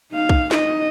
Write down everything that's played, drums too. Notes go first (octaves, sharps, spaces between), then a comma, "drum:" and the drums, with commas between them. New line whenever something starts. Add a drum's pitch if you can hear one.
D#4 F5
drum: kick B1
D#4 D#5, drum: snare